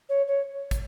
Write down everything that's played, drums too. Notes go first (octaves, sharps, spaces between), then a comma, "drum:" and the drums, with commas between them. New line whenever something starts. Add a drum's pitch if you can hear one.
C#5
C#5
drum: kick, hi-hat